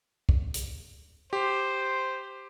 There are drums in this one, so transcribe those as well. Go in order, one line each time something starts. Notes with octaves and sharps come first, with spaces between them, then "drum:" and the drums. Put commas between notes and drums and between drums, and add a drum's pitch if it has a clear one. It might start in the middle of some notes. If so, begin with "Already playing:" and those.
drum: kick
drum: hi-hat
G4 C5